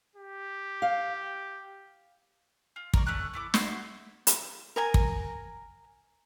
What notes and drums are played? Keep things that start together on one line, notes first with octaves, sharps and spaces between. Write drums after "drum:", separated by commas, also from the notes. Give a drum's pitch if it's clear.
G4
F5
F4
A#4 D5 C#6, drum: kick
A3 C#4 D5 F#6
A3 E4 D6
F#4 E5 C6, drum: snare
drum: hi-hat
A#4 G#5 A#5
drum: kick